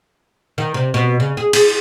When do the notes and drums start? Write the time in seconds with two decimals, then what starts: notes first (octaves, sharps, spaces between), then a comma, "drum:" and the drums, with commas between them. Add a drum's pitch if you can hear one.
0.58 D#3
0.74 C3
0.94 B2
1.20 C#3
1.37 G#4
1.53 G#4, drum: cymbal